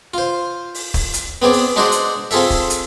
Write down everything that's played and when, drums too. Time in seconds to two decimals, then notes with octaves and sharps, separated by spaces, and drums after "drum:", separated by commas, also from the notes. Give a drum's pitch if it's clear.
0.14 F4 C5
0.74 drum: open hi-hat
0.94 drum: kick, open hi-hat
1.14 drum: hi-hat
1.42 B3 C4 G#4 D5
1.53 drum: open hi-hat
1.76 G#3 D4 F#4 G#4 C5 D5
1.92 drum: hi-hat
2.31 C4 F4 G#4 A4 E5, drum: open hi-hat
2.50 drum: kick, open hi-hat
2.70 drum: hi-hat